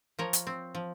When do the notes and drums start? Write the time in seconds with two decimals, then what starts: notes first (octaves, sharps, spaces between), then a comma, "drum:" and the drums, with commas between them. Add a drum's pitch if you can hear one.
0.19 F3 A#4 C#5
0.33 drum: hi-hat
0.47 C4
0.75 F3